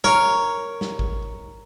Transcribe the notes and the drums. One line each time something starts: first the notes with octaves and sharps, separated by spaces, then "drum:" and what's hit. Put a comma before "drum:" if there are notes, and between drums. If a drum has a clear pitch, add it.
A#4 C#5, drum: snare
drum: snare
drum: kick G#1